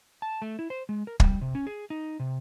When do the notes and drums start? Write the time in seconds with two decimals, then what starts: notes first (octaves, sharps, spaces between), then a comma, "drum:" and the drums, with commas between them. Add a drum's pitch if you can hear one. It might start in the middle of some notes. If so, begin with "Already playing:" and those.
0.22 A5
0.42 A3
0.59 E4
0.70 C5
0.89 G#3
1.07 A#4
1.20 G3, drum: kick
1.41 C3
1.55 C#4
1.67 G#4
1.90 D#4
2.20 C3